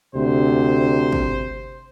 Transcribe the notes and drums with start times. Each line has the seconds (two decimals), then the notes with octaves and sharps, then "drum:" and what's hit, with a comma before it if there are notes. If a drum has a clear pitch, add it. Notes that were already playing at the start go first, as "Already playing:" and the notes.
0.15 D2 C3 C5
1.12 drum: kick